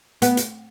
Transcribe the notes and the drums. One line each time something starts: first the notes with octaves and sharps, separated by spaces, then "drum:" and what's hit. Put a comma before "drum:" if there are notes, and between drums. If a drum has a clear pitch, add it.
B3, drum: hi-hat
drum: hi-hat